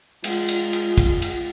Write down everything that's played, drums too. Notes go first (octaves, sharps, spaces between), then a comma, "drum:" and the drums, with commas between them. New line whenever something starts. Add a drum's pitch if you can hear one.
G#3 F4, drum: cymbal
drum: cymbal
drum: cymbal
drum: kick, cymbal
drum: cymbal